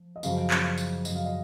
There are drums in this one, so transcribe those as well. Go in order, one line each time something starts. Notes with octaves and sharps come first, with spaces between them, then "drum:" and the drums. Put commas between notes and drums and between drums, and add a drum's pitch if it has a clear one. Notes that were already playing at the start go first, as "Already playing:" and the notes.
Already playing: F3
D#5
F#2 C#3 F3 F5, drum: tambourine
drum: clap
drum: tambourine
F#2 C#3 F3 D#5, drum: tambourine
F5
D#5